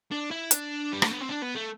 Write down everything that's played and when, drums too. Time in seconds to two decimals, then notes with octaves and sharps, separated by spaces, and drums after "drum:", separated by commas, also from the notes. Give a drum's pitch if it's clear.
0.11 D4
0.31 E4
0.51 D4, drum: hi-hat
0.93 G3
1.02 A3, drum: rim click
1.11 B3
1.20 C4
1.29 D4
1.42 B3
1.55 A3